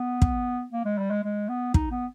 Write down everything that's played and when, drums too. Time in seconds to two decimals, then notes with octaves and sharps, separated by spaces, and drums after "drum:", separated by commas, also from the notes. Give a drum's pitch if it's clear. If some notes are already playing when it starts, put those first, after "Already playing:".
Already playing: B3
0.22 drum: kick
0.73 A#3
0.85 G#3
0.98 G3
1.11 G#3
1.24 G#3
1.49 B3
1.74 D#4, drum: kick
1.91 B3